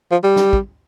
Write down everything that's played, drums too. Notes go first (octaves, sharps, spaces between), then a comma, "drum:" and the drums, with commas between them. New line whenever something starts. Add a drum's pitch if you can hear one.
F3
G3
drum: snare
drum: kick